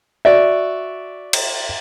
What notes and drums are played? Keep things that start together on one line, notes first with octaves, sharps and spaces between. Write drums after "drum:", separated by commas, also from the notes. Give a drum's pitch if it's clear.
F#4 D5 E5
drum: cymbal